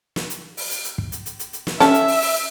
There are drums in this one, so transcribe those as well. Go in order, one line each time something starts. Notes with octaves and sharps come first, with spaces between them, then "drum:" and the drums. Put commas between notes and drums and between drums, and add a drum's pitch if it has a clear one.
drum: snare
drum: hi-hat
drum: open hi-hat
drum: hi-hat
drum: hi-hat
drum: kick
drum: hi-hat
drum: hi-hat
drum: hi-hat
drum: hi-hat
drum: snare
C#4 G4 A4 E5, drum: snare
drum: hi-hat
drum: open hi-hat
drum: open hi-hat